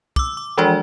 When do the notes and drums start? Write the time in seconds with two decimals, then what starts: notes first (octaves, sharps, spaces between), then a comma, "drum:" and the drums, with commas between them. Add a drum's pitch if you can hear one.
0.16 D6 E6, drum: kick
0.37 D6
0.57 E3 F3 G#3 D4 F#4 D5